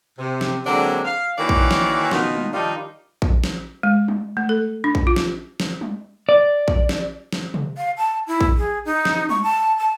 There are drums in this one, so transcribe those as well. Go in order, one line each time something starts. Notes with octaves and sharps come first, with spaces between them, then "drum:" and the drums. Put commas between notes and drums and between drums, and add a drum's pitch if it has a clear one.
C3
drum: snare
D3 F#3 G#3 A#3 C4 D4
F5
D#3 E3 A#3 F#4 C#5 D5
drum: kick
drum: snare
B2 D#3 D#4 F4 F#4, drum: snare
drum: tom G3
D#3 F3 G3 D4 D#4 F4
drum: kick
drum: snare
G#3
drum: tom G3
A3
A4
D4
drum: kick
F4
drum: snare
drum: snare
drum: tom G3
D5
drum: kick
drum: snare
drum: snare
drum: tom C3
F5
A5
E4
drum: kick
G#4
D#4
drum: snare
C#6, drum: tom G3
A5
A5